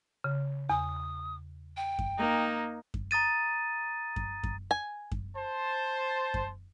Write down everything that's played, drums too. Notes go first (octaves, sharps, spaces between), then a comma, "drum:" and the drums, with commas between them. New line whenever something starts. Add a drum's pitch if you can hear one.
C#3
E2 D#6
G5
drum: kick F#2
A#3 D#4
drum: kick F#2
A#5 D#6 A6 D#7
drum: kick F#2
drum: kick F#2
G#5
drum: kick F#2
C5 A5
drum: kick F#2